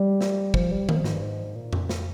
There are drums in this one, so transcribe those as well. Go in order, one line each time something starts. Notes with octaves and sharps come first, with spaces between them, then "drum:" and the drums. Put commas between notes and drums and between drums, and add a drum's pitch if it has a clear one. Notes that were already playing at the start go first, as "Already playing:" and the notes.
Already playing: G3
drum: snare
F3, drum: kick
G3
A#3, drum: tom D#3
F3
G#2, drum: snare
G2
G#2
A#2
drum: tom F2
drum: snare